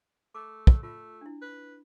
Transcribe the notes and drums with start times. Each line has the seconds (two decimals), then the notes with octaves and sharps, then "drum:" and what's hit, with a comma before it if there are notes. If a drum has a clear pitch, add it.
0.35 A3 D6
0.67 drum: kick
0.83 A3 F4
1.21 D4 E4
1.41 B4